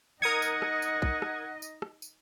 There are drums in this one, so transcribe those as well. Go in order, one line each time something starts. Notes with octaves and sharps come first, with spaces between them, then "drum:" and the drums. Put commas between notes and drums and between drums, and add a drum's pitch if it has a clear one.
D#4 A#4 D#5 F#5 D#6 G#6 C#7
drum: tambourine
drum: rim click
drum: tambourine
drum: kick
drum: rim click
drum: tambourine
drum: rim click
drum: tambourine